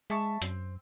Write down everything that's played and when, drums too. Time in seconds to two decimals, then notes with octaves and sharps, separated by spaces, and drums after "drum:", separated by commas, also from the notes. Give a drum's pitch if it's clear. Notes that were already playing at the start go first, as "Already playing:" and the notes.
0.10 G#3 E5 A5 C#6
0.42 F#2 C4, drum: hi-hat